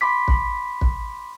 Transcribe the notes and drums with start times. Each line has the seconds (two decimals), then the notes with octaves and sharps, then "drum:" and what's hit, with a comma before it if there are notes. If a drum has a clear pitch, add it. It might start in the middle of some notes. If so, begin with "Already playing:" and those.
0.01 B5 C6 D6 B6
0.28 drum: kick
0.81 drum: kick